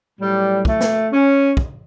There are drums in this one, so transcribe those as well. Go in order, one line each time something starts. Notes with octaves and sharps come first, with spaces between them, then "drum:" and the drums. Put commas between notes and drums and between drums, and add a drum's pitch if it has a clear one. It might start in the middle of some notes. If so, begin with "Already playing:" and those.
A2 F#3 G3
A3, drum: kick
drum: snare
C#4
drum: kick